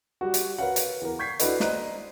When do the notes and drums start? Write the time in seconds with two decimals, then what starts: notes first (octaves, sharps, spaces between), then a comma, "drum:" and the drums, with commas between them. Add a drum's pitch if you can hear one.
0.21 G3 F#4
0.34 drum: hi-hat
0.58 F#4 A#4 B4 C#5 F5 F#5
0.76 drum: hi-hat
1.01 E2 A#4
1.19 C#6 G6 G#6 B6 C7
1.40 D4 E4 F#4 A4 B4 D#5, drum: hi-hat
1.60 C5 D5 D#5 A#5 F#6, drum: snare